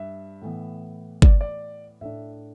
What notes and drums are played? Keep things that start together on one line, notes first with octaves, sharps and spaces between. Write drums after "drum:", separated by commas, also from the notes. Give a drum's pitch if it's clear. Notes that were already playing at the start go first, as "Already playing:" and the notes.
Already playing: G2 E5
A2 E3 B3
D5, drum: kick
D5
A2 A3 D4 E5